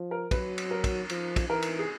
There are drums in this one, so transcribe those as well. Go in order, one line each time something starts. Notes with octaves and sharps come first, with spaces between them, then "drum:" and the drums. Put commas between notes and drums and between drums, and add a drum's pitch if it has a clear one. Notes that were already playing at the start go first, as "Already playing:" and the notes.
Already playing: F3
A#4
F#3 B4, drum: kick, cymbal
drum: cymbal
A#4
drum: kick, cymbal
F3, drum: cymbal
drum: kick, cymbal
E3 A#4
drum: cymbal
G#4